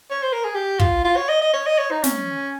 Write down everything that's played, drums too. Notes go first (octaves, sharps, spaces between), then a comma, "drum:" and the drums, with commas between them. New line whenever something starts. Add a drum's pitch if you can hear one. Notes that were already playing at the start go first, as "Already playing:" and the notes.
C#5
C5
A#4
G#4
G4
F4, drum: kick
F4
C#5
D#5
D#5
C#5
D#5
C#5
D#4
C#4, drum: snare